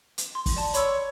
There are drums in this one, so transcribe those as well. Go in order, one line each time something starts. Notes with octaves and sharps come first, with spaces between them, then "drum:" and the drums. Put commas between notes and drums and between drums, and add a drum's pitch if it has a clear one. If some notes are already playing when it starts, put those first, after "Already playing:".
drum: hi-hat
C6
drum: kick, open hi-hat
D5 A5 C6
C#5 B5 C6 E6, drum: hi-hat